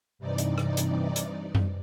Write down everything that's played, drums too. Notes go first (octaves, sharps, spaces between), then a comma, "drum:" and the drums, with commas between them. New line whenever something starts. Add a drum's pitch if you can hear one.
G2 C3 E3 D#4 D5
drum: hi-hat
drum: rim click
drum: hi-hat
drum: hi-hat
drum: tom F#2